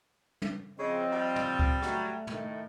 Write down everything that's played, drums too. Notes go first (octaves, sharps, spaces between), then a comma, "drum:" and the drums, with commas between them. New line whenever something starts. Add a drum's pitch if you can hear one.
drum: tom
C#3 F3 C4 D#5
G3
drum: tom
drum: kick C#2
F#3 A3, drum: rim click
A2 D#3, drum: tom